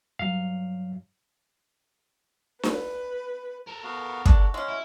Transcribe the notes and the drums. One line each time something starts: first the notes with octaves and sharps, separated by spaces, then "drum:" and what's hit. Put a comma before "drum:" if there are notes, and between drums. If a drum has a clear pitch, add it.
G2 F#3 F5
B4, drum: snare D4
A4 A#4
B3 F#4 F5
D4 F#4, drum: kick
G#3 C#4
E4